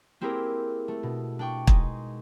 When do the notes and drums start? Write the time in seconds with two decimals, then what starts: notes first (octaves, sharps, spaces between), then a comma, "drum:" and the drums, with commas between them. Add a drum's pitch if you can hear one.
0.21 A#3 C4 E4 G4 G#4 A#4
0.88 A3
1.03 B2
1.39 D4 G5 C#6
1.67 G#3 D#4, drum: kick